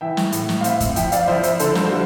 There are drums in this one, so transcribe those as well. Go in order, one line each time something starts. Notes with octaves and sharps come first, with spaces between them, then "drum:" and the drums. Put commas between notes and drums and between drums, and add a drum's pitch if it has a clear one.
E3 E5 G5
drum: snare
A2, drum: hi-hat
drum: snare
F5
C4 C5 E5, drum: hi-hat
drum: kick, hi-hat
F3 E5 G5, drum: hi-hat
D5 F5, drum: hi-hat
F3 C5 E5
C5 E5, drum: hi-hat
D3 A4 C5, drum: hi-hat
A4 C5, drum: snare
C5
G3